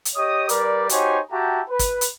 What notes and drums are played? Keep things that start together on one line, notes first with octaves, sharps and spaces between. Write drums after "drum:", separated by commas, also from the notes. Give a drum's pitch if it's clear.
drum: hi-hat
G4 C#5 D#5 D#6
G3 A#4 B4 D5, drum: hi-hat
D#4 F#4 G4 C5 C#5 G#5, drum: hi-hat
E4 F#4 G4 G5 A5 A#5
B4
drum: kick, hi-hat
drum: hi-hat